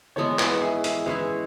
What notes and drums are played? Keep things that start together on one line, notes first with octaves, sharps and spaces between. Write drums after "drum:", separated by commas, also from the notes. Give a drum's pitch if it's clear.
E3 G#3 B3 A4 C#5
G#4 B4, drum: clap
E4 G#4
E4 G#4, drum: hi-hat
G#3 C#4 E4 G#4 B4